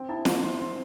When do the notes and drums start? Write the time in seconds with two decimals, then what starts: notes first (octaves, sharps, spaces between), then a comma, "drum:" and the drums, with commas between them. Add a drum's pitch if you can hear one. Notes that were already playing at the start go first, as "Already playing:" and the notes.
Already playing: C4 G5
0.09 E4 A5
0.25 C4 C6, drum: snare
0.42 E4 C6
0.59 C4 C6